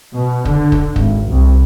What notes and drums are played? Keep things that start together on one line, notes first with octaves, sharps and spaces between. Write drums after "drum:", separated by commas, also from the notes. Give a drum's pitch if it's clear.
B2
D3, drum: kick
drum: kick
G#1, drum: kick
C2